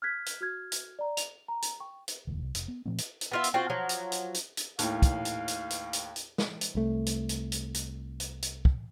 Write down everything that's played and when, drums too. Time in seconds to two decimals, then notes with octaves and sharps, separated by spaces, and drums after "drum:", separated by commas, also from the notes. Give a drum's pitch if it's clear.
0.02 F6 F#6 G#6 B6
0.26 drum: hi-hat
0.41 F#4 F6 G#6
0.72 drum: hi-hat
0.99 D5 A#5
1.17 F7, drum: hi-hat
1.48 A#5
1.62 drum: hi-hat
1.80 G5 C#6
2.08 drum: hi-hat
2.27 E1 D2 E3
2.42 C2
2.55 F1, drum: hi-hat
2.68 B3
2.86 A#2 F3 A3 C4
2.98 drum: hi-hat
3.21 drum: hi-hat
3.31 B3 F4 E5
3.44 drum: hi-hat
3.54 C4 F4 F#4
3.70 F3 F#3
3.89 drum: hi-hat
4.12 drum: hi-hat
4.34 drum: hi-hat
4.57 drum: hi-hat
4.79 D#2 A2 F5, drum: hi-hat
5.02 drum: kick, hi-hat
5.25 drum: hi-hat
5.48 drum: hi-hat
5.70 drum: hi-hat
5.93 drum: hi-hat
6.16 drum: hi-hat
6.38 drum: snare
6.61 drum: hi-hat
6.75 C2 A3
7.06 drum: hi-hat
7.29 drum: hi-hat
7.52 drum: hi-hat
7.74 drum: hi-hat
8.20 drum: hi-hat
8.42 drum: hi-hat
8.65 drum: kick